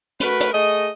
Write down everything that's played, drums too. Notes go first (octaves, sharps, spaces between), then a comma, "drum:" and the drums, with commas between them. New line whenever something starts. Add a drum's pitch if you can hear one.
A3 F#4 A#4 B4, drum: hi-hat
drum: hi-hat
A3 G#4 D#5